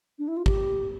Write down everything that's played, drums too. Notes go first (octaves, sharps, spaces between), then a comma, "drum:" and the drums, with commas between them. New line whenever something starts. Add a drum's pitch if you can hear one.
D4
E4
F4
G4, drum: kick